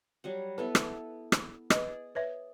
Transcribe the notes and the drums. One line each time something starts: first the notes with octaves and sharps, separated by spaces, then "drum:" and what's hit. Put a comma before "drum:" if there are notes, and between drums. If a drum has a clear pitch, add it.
F#3 G3 F#5
B3 E4 A4 B4
drum: rim click
drum: rim click
G#4 B4 D5 D#5, drum: rim click
B4 C#5 E5